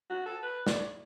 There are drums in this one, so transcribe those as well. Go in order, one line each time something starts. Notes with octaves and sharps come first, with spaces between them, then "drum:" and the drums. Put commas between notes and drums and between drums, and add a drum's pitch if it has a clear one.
F#4
A4
B4
D5, drum: snare